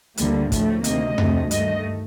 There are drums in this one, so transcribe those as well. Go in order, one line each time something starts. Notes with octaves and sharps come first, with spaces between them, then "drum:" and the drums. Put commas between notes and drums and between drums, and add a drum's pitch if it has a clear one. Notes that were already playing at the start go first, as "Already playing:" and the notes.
D2 D3 G3 A#3, drum: hi-hat
A2 F3 A3, drum: kick, hi-hat
D2 C3 D#3 A#3 D#5, drum: hi-hat
D2 C3 F3 A3, drum: tom F2
G2 D#3 A3 D#5, drum: hi-hat